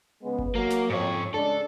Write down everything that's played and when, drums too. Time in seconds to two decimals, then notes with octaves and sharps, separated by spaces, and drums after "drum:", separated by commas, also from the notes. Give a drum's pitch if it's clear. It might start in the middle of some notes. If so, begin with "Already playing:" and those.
0.23 C#3 G#3 B3
0.39 drum: kick G1
0.55 F#3 A#3
0.71 drum: snare
0.90 F2 G#2 C#5
1.34 C#3 G#3 D4 A4